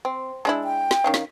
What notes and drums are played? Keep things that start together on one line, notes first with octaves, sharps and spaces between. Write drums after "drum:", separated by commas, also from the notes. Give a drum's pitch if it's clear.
C4
G#3 D4 E4
G5
drum: snare
D#3 C#4 F5
drum: snare